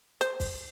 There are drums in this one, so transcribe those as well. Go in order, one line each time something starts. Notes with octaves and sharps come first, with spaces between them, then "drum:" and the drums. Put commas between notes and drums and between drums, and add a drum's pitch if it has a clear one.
C5, drum: hi-hat
drum: kick, open hi-hat